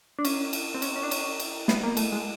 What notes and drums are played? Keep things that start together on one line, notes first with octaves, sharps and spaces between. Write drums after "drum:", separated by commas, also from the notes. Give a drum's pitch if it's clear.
D4
C#4, drum: cymbal
drum: cymbal
C4
C#4, drum: cymbal
C#4
D4
C#4, drum: cymbal
drum: cymbal
B3, drum: snare
A#3
A3, drum: cymbal
G#3